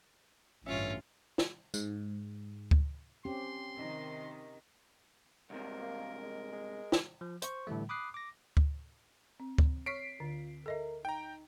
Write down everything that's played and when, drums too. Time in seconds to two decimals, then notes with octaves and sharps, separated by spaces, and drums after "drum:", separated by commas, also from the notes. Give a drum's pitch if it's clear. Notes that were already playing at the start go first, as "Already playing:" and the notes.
0.66 A1 G2 D3 C#4 F4 C#5 E5
1.38 drum: snare
1.74 G#2, drum: tambourine
2.71 drum: kick
3.25 C4 C#4 G4 C6
3.76 C3 D#3
5.50 C2 G#2 C3 A#4
5.81 A#3
6.22 G#3
6.52 G#3
6.92 drum: snare
7.21 F3
7.42 C5 C#6, drum: hi-hat
7.67 A2 D3 E3 G3 A3
7.89 B5 D6 D#6 F#6 C7
8.14 D6 A#6
8.57 drum: kick
9.40 C4
9.58 drum: kick
9.86 C#5 C#6 F6 B6 C7 D7
10.20 D2 D3 F4
10.66 A4 A#4 D#5 E5
11.05 D#4 G5 A#5